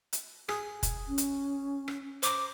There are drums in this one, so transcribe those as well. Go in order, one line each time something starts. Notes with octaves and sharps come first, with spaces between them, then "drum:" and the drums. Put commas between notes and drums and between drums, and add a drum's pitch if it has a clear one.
drum: hi-hat
G#4 D#6, drum: rim click
drum: kick F1, hi-hat
C#4
drum: hi-hat
drum: rim click
C5 A#5 D6, drum: hi-hat